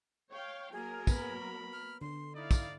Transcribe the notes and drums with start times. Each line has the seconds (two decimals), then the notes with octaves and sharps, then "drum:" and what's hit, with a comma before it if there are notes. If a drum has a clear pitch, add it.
0.31 C#5 F5 G5
0.73 F#3 A#3 G#4 A#4
1.07 B3 B5, drum: kick, tambourine
1.73 F6
2.01 D3 C6
2.36 D#4 E4 D5 F5
2.51 drum: kick, tambourine